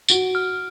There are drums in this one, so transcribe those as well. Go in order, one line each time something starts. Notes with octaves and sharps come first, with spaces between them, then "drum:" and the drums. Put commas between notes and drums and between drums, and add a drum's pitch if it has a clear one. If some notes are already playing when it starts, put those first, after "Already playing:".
F#4 D7, drum: tambourine
F6